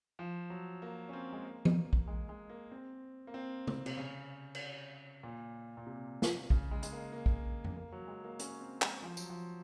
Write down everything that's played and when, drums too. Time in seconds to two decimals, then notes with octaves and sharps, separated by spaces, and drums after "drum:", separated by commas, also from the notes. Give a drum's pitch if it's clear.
0.19 F3
0.50 F#3
0.82 A#3
1.09 C#4
1.13 C4
1.33 G#3
1.45 A#3
1.65 drum: tom E3
1.93 drum: kick
2.08 G#3
2.29 G#3
2.49 A#3
2.71 C4
3.27 A#3
3.34 C4
3.67 drum: tom
3.86 C3, drum: cymbal
3.97 C#3
4.55 drum: cymbal
5.23 A#2
5.77 A#2
5.87 C3
6.22 drum: snare
6.50 C#3, drum: kick
6.71 G#3
6.83 G#3, drum: hi-hat
6.92 A#3
7.12 A#3
7.26 drum: kick
7.64 drum: tom F2
7.77 A#3
7.92 F#3
8.08 G#3
8.24 A#3
8.39 C#4, drum: hi-hat
8.60 C4
8.82 G#3, drum: clap
9.02 F3
9.17 F#3, drum: tambourine
9.30 F3